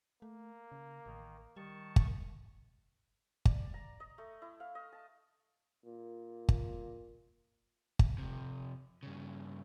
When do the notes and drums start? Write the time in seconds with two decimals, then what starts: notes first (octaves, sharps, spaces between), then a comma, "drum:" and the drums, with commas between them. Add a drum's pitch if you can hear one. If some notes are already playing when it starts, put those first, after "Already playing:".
0.22 A3 A#3
0.72 C#3
1.06 A1 D#3
1.56 D#3 G3 A5 C#6
1.96 drum: kick G1
3.45 D5, drum: kick G1
3.74 A#5
4.00 D#5
4.18 A3
4.42 E4
4.60 F5
4.75 D#5
4.92 A5
5.86 A#2
6.49 drum: kick G1
7.99 drum: kick G1
8.18 F2 C3
9.03 G2 C#3